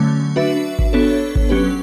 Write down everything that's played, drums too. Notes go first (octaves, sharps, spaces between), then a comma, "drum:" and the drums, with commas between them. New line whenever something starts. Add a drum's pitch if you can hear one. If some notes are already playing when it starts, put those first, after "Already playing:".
Already playing: D3 F#3 A3 C#4
D4 F#4 B4 E5
drum: kick G#1
B3 D4 A4 C#5
drum: kick G#1
F#3 C#4 G4 B4